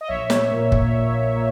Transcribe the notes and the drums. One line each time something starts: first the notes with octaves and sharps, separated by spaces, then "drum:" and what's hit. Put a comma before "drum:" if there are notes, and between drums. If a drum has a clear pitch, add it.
D#5
A#1 C#5 E5
drum: snare
A#2 A#3
drum: kick
A#1
A#2 A#3